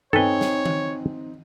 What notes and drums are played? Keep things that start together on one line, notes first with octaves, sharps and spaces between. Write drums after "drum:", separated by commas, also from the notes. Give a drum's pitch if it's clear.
C4 D#4 A4 B4 C#5 G5 G#5 G7, drum: tom G2
drum: snare
drum: tom D#3